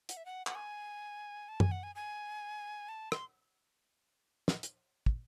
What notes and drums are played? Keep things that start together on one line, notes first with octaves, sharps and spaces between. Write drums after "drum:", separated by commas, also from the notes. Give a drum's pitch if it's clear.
F#5, drum: hi-hat
E5
F#5
F#5, drum: clap
G#5
A5
G#5, drum: tom F#2
F#5
G#5
G#5
A5
C6, drum: rim click
drum: snare
drum: hi-hat
drum: kick